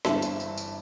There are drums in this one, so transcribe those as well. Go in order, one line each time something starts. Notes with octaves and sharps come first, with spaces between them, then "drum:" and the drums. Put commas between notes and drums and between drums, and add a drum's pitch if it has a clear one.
G1 G2 E3 C4 E5 A5, drum: snare
drum: tambourine
drum: tambourine
drum: tambourine